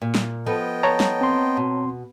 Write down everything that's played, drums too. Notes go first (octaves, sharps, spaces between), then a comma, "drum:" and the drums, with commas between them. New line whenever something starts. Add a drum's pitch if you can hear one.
A#2
drum: snare
F3 B3 A4 B4 D#5 G5
C#5 A5 A#5
drum: snare
C4 C6
B2